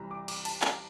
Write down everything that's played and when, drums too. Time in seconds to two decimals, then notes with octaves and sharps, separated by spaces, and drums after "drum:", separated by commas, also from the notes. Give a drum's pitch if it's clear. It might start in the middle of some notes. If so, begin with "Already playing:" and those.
Already playing: C2 C3 E3 A#5 B5
0.11 D6
0.28 D6, drum: cymbal
0.45 A5, drum: cymbal
0.62 A#5, drum: clap